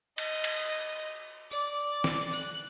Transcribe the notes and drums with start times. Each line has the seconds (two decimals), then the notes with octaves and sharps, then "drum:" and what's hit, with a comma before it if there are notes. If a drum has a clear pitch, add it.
0.18 D#5, drum: cymbal
0.44 drum: cymbal
1.51 D5, drum: tambourine
2.04 drum: snare
2.33 F#6, drum: tambourine